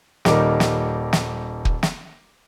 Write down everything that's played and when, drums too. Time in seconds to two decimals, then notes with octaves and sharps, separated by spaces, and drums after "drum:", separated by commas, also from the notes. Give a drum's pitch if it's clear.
0.25 D#1 D#3 G3 D#4 A#4 D6, drum: snare
0.60 drum: snare
1.13 drum: snare
1.65 drum: kick
1.83 drum: snare